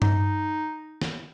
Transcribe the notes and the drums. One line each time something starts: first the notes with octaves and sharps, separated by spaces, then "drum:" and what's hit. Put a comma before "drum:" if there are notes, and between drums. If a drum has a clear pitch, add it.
D#4, drum: tom G2
drum: snare